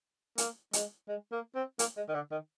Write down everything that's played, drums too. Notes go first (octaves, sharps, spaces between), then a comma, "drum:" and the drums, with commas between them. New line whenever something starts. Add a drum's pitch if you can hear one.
A#3, drum: hi-hat
G#3, drum: hi-hat
G#3
A#3
C4
A#3, drum: hi-hat
G#3
D#3
D3
D#3